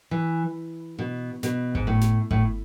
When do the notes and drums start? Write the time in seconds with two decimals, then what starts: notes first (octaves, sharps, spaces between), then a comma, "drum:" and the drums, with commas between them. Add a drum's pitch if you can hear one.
0.11 E3
0.99 B2
1.43 B2, drum: snare
1.75 G#2, drum: kick G1
1.87 A2
2.01 drum: snare
2.31 A2, drum: kick G1